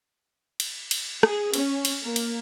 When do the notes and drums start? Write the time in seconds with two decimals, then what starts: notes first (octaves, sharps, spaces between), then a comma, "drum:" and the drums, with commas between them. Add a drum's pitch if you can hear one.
0.60 drum: cymbal
0.91 drum: cymbal
1.23 G#4, drum: rim click
1.54 C#4, drum: cymbal
1.85 drum: cymbal
2.04 A#3
2.16 drum: cymbal